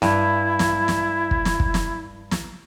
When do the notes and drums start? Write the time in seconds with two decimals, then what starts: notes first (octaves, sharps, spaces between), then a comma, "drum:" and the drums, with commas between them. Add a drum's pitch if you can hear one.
0.02 G2 E4, drum: snare
0.59 drum: snare
0.88 drum: snare
1.31 drum: kick
1.45 drum: snare
1.60 drum: kick
1.74 drum: snare
2.31 drum: snare